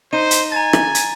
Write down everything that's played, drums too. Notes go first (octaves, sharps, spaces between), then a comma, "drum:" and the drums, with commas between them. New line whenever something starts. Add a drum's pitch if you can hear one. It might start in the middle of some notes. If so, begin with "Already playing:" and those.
D#4 C5 D#7
drum: hi-hat
G#5 A#5 A6
drum: rim click
drum: hi-hat